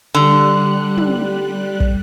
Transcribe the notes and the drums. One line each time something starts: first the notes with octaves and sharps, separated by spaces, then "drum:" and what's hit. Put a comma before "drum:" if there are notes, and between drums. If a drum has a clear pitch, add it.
D3 G3 F#6
drum: tom
drum: kick